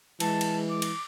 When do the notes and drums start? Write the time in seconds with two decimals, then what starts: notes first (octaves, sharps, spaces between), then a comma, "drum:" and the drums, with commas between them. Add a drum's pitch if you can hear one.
0.20 E3 G#3 A5, drum: cymbal
0.41 drum: cymbal
0.70 D6
0.82 drum: cymbal